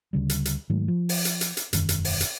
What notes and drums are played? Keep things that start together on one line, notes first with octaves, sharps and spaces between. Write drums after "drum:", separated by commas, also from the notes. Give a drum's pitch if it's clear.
D2 C#3 G3
drum: hi-hat
drum: hi-hat
G#2 D#3 F#3 A3
F3
drum: open hi-hat
drum: hi-hat
drum: hi-hat
drum: hi-hat
E1 F#2 D#3, drum: hi-hat
drum: hi-hat
drum: open hi-hat
drum: hi-hat